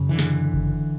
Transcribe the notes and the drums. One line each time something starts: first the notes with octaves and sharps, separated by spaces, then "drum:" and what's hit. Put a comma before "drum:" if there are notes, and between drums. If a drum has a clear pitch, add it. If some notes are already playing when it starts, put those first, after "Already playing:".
Already playing: F#2 C#3
D3 E3
drum: snare
drum: kick G1